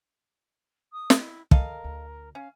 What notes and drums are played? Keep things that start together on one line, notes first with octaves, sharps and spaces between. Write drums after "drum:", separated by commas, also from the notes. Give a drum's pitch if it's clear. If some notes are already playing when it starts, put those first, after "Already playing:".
D#6
drum: snare
E4
A4 A#4 D#5 F5, drum: kick
D2
C#4 F5